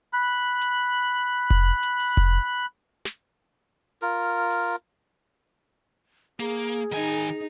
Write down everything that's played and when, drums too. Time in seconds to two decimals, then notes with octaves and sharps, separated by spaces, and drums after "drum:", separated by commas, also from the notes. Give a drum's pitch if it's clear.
0.13 B5 F#6
0.61 drum: hi-hat
1.50 drum: kick F1
1.83 drum: hi-hat
1.99 drum: open hi-hat
2.17 drum: kick F1
3.05 drum: snare
4.02 F4 A#4
4.50 drum: open hi-hat
6.40 A#3 G#4
6.92 D#3 D#4 G#5